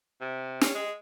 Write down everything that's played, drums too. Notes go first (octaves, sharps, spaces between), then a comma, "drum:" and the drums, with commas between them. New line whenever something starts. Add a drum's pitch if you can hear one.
C3
C#4, drum: snare
G#3